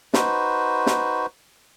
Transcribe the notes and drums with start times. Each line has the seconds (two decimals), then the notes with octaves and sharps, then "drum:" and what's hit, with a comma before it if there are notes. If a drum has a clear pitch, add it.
0.14 D#4 F#4 B4 C5, drum: snare
0.86 drum: snare